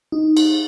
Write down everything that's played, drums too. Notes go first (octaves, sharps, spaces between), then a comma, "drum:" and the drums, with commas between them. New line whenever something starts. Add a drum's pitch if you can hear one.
D#4
drum: cymbal